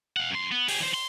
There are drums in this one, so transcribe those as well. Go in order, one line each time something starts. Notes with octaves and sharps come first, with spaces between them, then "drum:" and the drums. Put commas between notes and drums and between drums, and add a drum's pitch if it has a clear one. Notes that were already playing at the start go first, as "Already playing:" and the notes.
F5 F#5
F#2 C6
B3
G4 G#4, drum: open hi-hat
E3 C5
C6